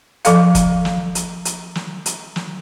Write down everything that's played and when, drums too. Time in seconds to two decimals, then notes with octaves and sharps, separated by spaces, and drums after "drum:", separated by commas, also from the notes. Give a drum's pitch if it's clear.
0.25 F3 A4 F5, drum: hi-hat
0.55 drum: kick, hi-hat
0.85 drum: snare
1.15 drum: hi-hat
1.45 drum: hi-hat
1.75 drum: snare
2.06 drum: hi-hat
2.36 drum: snare